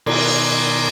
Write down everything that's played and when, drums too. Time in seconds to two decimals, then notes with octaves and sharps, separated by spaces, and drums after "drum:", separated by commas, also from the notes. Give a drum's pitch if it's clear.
0.06 B2 D#3 A#4 D5 G#5 C6, drum: cymbal